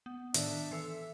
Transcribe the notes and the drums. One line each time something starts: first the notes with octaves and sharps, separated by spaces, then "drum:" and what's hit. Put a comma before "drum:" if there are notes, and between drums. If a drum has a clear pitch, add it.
B3
A2 D#3 D4 E5, drum: hi-hat
E3 A4 E5 E6 C7